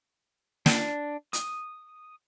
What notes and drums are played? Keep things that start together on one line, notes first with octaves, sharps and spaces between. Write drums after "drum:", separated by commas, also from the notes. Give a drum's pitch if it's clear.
D4, drum: snare
D#6, drum: hi-hat